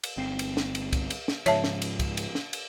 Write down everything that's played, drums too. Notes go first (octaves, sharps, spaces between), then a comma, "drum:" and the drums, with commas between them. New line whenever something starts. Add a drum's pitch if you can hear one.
drum: cymbal
G1 C4
drum: cymbal
drum: snare
drum: cymbal
drum: kick C2, cymbal
drum: cymbal
drum: snare
G#2 C#3 F3 C#5 E5 A5, drum: cymbal
drum: snare
drum: cymbal
drum: kick C2, cymbal
drum: cymbal
drum: snare
drum: cymbal